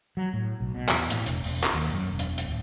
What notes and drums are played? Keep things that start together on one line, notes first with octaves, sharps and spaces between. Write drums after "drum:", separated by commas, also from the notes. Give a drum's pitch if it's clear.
F#3
A2
B1
B2
E2, drum: clap
A2, drum: hi-hat
E1, drum: hi-hat
E1, drum: open hi-hat
drum: clap
D#2
F#2
E1
drum: hi-hat
drum: hi-hat
D1